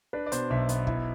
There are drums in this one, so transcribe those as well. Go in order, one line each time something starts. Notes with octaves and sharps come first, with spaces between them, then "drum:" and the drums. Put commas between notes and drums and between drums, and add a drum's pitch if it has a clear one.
D4 B4
D5
B2 C5, drum: hi-hat
B1 E5
B3, drum: hi-hat
E4, drum: kick